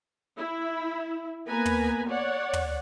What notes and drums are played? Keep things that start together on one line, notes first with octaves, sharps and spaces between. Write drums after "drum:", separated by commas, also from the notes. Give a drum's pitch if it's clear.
E4
A#3 B3 B4 G#5 A#5
drum: tom
C#5 D5 F#5
drum: tom